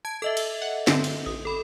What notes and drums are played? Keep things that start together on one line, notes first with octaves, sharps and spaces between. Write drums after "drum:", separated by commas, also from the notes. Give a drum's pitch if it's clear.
A5 G#6
A4 D#5 E5 E6
drum: cymbal
F#5
G2 D3 C4, drum: snare
drum: cymbal
A1 D#6
A4 B5